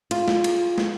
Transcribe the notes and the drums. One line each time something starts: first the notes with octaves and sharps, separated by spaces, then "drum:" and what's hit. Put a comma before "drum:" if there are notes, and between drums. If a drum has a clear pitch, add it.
F4, drum: cymbal
drum: snare
drum: cymbal
drum: snare